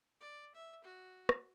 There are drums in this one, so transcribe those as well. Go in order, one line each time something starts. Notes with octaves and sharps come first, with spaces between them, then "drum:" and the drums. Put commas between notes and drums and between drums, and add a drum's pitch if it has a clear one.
D5
E5
F#4
drum: rim click